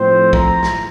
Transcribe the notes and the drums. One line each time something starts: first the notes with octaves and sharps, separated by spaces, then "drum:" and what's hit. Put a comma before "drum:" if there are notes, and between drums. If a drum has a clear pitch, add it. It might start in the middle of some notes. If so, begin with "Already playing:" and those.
Already playing: A2 F3 C4 C5
A#5, drum: kick
drum: snare